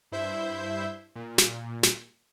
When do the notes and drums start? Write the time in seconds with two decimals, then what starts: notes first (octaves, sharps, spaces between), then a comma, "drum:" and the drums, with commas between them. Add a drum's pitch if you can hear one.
0.12 G2 E4 C5 E5 G6
1.16 A#2
1.38 drum: snare
1.83 drum: snare